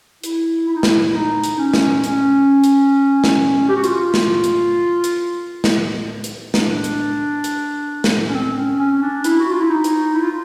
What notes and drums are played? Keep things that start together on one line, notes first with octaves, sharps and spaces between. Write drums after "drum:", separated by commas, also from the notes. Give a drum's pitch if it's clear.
E4, drum: hi-hat
E4
D#4
E4, drum: snare
D#4
drum: hi-hat
C#4
drum: snare
C#4, drum: hi-hat
drum: hi-hat
drum: snare
G4
F#4
F4, drum: hi-hat
drum: snare
drum: hi-hat
drum: hi-hat
drum: snare
drum: hi-hat
D4, drum: snare
drum: hi-hat
drum: hi-hat
drum: snare
C#4
C4
C#4
C#4
D4
E4, drum: hi-hat
F#4
F4
E4
D#4
drum: hi-hat
E4
F4